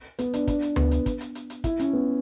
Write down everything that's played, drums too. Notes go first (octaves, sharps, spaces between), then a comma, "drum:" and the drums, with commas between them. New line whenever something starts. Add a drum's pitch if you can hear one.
B3, drum: hi-hat
D4, drum: hi-hat
D4, drum: kick, hi-hat
drum: hi-hat
B3, drum: tom D2
drum: hi-hat
drum: kick, hi-hat
drum: hi-hat
drum: hi-hat
drum: hi-hat
E4, drum: kick, hi-hat
C#4, drum: hi-hat
B3